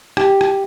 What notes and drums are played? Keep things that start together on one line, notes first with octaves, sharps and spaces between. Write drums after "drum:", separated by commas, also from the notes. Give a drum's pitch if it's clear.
G4, drum: rim click
drum: rim click